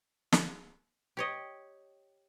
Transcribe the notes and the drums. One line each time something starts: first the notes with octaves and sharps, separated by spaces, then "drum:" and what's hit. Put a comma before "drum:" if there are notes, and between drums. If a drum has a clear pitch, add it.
drum: snare
G4 C#5 D#5